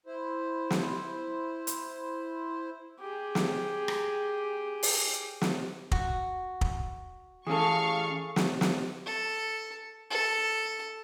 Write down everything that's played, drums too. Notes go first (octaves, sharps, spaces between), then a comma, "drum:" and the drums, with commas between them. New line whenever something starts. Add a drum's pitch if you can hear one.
E4 C5
drum: snare
drum: hi-hat
G4 G#4
drum: snare
drum: rim click
drum: open hi-hat
drum: snare
F#4, drum: kick
drum: kick
E3 C#4 G#4 A4 F5 C#6
drum: snare
drum: snare
A4
A4